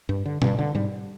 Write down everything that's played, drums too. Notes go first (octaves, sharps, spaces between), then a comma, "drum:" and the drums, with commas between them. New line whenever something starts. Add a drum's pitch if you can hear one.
G2
D3
G2, drum: tom B2
D3
G#2 G3